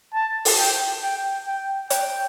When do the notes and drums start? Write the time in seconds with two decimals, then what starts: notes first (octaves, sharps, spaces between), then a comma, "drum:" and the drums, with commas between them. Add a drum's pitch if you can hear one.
0.14 A5
0.45 drum: open hi-hat
0.58 G5
1.03 G5
1.47 G5
1.90 G5, drum: hi-hat